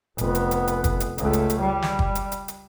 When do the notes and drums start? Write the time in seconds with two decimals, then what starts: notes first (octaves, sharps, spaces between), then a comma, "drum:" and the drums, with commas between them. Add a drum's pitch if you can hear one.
0.18 F1 B3, drum: hi-hat
0.35 drum: hi-hat
0.51 drum: hi-hat
0.68 drum: hi-hat
0.84 drum: kick, hi-hat
1.00 drum: hi-hat
1.18 C#2 A3, drum: hi-hat
1.33 drum: hi-hat
1.50 drum: hi-hat
1.60 G3
1.82 drum: snare
1.99 drum: kick
2.15 drum: hi-hat
2.32 drum: hi-hat
2.48 drum: hi-hat